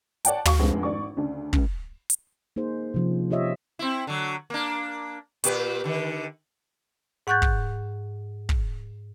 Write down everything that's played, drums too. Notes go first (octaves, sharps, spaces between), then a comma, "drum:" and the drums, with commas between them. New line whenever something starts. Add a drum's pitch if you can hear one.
C#5 D5 F#5 G5 A5, drum: hi-hat
F#4 F5 C#6, drum: tom
F1 A#1 G#3 C4 F#5
G#1 D5 C#6
D2 C#3 D4
C#2 C#3, drum: kick
drum: hi-hat
A#3 D#4 G#4 C5
C3 F3 C#4
F4 G4 C#5 D#5 E5
C4 E4
D3 F#3
A#3 D4
A#2 G4 B4, drum: hi-hat
D3 D#3
G#2 F#5 C#6 F#6 G6 A6
drum: kick
drum: kick